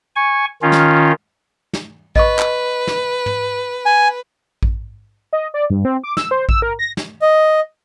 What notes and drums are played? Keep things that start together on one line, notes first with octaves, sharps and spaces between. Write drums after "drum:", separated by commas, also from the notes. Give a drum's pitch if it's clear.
G#5 C#6
D#3 C#4 F4
drum: snare
drum: snare
B4 D#5 C#6, drum: kick A1
drum: clap
drum: snare
drum: tom
G#5
drum: kick A1
D#5
D5
G2
C4
D6
E6, drum: snare
C5
E6, drum: kick A1
A#4
A#6
drum: snare
D#5